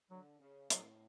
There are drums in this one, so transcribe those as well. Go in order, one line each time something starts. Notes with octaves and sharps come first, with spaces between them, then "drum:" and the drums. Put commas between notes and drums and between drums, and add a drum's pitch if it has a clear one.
D3 F#3
C#3
A2 F#3, drum: hi-hat